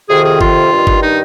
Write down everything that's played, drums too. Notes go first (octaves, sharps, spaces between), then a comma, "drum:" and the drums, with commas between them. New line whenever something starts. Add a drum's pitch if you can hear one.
F2 C3 D#3 G#4
G#4
F4, drum: kick G1
G2 D#3
drum: kick G1
D#4